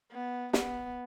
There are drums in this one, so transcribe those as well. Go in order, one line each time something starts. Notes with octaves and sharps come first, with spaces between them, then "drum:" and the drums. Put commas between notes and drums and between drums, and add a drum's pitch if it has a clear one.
B3
B3, drum: snare